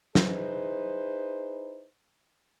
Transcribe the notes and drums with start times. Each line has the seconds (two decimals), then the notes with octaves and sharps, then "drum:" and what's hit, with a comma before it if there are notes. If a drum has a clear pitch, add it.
0.15 D#4 E4 G#4 B4 C5, drum: snare